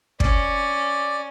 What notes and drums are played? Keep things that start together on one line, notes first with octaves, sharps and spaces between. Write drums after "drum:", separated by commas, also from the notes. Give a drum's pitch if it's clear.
C#4 D5, drum: kick